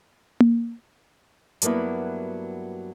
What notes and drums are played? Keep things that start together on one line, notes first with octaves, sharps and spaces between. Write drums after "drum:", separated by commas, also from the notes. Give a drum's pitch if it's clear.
drum: tom A#3
G2 F#3 A#3 B3 E4, drum: hi-hat